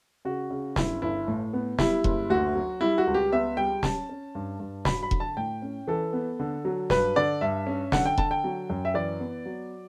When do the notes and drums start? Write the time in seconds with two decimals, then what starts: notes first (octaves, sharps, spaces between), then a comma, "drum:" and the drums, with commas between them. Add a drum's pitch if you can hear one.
0.25 C#3 F#4
0.51 C#3
0.76 G1 E4, drum: snare
1.02 G1 E4
1.28 A2
1.53 B3
1.79 G3 E4, drum: snare
2.04 F#1, drum: kick E1
2.30 D2 F#4
2.55 F#3
2.81 G3 E4
2.98 F#4
3.07 C#2
3.14 G4
3.32 B3 E5
3.57 G3 G5
3.83 C#4 A5, drum: snare
4.09 C#4
4.35 G2
4.60 G2
4.85 F#3 B5, drum: snare
5.03 B5
5.11 D3, drum: kick E1
5.20 A5
5.37 A2 G5
5.62 C#4
5.87 E3 A4
6.13 B3
6.40 D3
6.65 F#3
6.90 G2 B4, drum: snare
7.16 D3 D5
7.41 G2 E5
7.67 C#4
7.92 D3 F#5, drum: snare
8.05 G5
8.18 D3 A5, drum: kick E1
8.31 G5
8.44 F#3
8.70 F#2
8.85 E5
8.94 E3 D5
9.20 B3
9.46 F#3